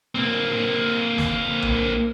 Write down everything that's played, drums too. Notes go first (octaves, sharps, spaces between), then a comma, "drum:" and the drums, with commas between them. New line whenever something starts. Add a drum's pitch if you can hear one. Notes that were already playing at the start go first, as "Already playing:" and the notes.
A#3 C4
drum: snare
drum: tom B1